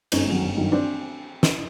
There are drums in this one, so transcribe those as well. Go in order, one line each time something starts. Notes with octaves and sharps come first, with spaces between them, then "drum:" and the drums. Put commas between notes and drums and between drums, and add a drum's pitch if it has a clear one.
G1 C#4 D#4, drum: cymbal
G2 D#3 F#3
G1
G2 D#3 F#3
C4 D4
drum: snare